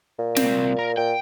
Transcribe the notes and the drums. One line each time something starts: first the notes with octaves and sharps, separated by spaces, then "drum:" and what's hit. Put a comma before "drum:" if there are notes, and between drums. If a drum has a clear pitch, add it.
A#2
C2 C4, drum: snare
A#4
A#2 G5